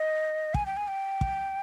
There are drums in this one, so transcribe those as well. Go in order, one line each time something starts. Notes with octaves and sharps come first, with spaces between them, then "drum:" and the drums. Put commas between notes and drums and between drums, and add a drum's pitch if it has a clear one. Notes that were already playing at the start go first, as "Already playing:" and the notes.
Already playing: D#5
G#5, drum: kick
G5
G#5
G5
drum: kick